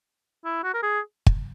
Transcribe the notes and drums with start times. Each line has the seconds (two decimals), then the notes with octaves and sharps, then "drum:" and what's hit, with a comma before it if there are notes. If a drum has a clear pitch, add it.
0.45 E4
0.64 F#4
0.74 A#4
0.83 G#4
1.26 drum: kick